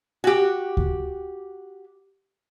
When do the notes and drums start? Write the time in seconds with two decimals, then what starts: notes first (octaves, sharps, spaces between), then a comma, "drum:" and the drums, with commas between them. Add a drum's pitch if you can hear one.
0.24 F#4 G4
0.77 drum: kick D2